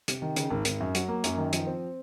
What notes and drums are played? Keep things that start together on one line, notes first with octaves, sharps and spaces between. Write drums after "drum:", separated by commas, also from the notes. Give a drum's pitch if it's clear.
C3, drum: hi-hat
D#3
C#3, drum: hi-hat
G#1
G#1, drum: hi-hat
F#2
F#3, drum: hi-hat
A#3
F#2, drum: hi-hat
D#3
F3, drum: hi-hat
C4